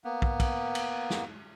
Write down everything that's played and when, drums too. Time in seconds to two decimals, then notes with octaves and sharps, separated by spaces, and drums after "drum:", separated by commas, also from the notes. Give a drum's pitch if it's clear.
0.04 A#3 B3
0.22 drum: kick
0.40 drum: kick, cymbal
0.75 drum: cymbal
1.10 drum: snare